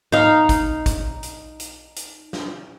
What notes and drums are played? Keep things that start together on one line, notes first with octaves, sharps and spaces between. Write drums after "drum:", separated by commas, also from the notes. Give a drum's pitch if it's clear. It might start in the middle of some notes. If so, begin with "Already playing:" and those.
D#4 F5, drum: tom G#2
drum: kick G#1, hi-hat
drum: kick G#1, hi-hat
drum: hi-hat
drum: hi-hat
drum: hi-hat
drum: snare